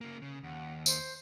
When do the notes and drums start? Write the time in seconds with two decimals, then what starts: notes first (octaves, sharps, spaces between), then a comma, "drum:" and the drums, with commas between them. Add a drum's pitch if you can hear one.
0.01 C#3 A#3
0.22 C#3
0.44 D#2 F#5
0.86 C5, drum: tambourine